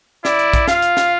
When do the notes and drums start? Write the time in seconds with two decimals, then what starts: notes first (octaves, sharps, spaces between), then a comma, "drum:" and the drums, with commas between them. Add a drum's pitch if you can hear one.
0.25 E4 D5, drum: snare
0.39 drum: hi-hat
0.53 drum: kick A#1, hi-hat
0.68 F4 F5, drum: snare
0.82 drum: hi-hat
0.97 drum: snare